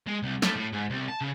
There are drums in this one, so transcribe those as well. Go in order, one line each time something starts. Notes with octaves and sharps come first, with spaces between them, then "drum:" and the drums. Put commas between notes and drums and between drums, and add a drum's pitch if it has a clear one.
G#3
C2
A3, drum: snare
A2
G#2
C2
A5
C#3